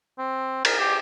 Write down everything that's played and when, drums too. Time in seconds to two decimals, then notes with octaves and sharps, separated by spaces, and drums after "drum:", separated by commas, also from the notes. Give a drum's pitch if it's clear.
0.18 C4
0.65 A#4, drum: cymbal
0.79 G4